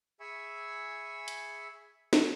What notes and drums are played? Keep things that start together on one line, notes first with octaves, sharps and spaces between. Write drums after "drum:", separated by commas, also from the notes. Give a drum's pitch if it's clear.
G#4 E5 G#5 B5 C#6 E6
drum: hi-hat
drum: snare